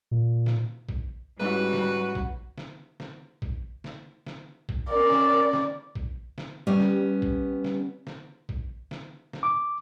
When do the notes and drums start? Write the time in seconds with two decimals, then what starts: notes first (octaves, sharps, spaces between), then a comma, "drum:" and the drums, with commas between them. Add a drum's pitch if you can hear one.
0.11 A#2
0.46 drum: snare
0.89 drum: kick A#1
1.40 G#2 G3 C#4 E4 F#4 B4
1.73 drum: snare
2.15 drum: kick A#1
2.58 drum: snare
3.00 drum: snare
3.42 drum: kick A#1
3.84 drum: snare
4.27 drum: snare
4.69 drum: kick A#1
4.90 C#4 A#4 D5
5.11 drum: snare
5.53 drum: snare
5.95 drum: kick A#1
6.38 drum: snare
6.67 G3 B3 C#4
6.80 drum: snare
7.22 drum: kick A#1
7.64 drum: snare
8.07 drum: snare
8.49 drum: kick A#1
8.91 drum: snare
9.33 drum: snare
9.43 D6